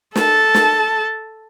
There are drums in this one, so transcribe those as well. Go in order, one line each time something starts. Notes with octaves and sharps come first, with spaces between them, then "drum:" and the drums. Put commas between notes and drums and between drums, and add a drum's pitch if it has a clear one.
A4 A5, drum: snare
drum: snare